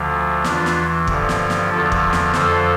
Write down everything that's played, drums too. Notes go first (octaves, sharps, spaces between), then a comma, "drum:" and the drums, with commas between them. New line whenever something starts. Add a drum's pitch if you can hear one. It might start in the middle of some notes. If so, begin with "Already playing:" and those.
Already playing: D2 D3 F3
E2 E3 D4 F4, drum: snare
drum: snare
G2 D3 F3, drum: kick
drum: snare
drum: snare
E2 D3 F3 F4 A4
drum: kick
drum: snare
F2 D3 F3 A4 C5, drum: snare